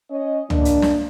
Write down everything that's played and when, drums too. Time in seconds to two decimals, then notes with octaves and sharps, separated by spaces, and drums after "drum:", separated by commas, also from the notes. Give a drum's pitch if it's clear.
0.10 C#4 C#5 D#5
0.50 A#3 D4, drum: tom C#2
0.65 drum: hi-hat
0.82 drum: snare